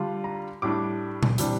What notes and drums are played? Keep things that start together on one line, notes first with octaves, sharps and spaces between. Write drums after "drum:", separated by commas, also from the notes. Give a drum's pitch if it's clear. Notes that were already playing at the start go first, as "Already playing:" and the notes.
Already playing: D3 G3 D4 F4
A#5
A2 G3 D4 D6
drum: tom A#2
C3 E3 G3 D4, drum: hi-hat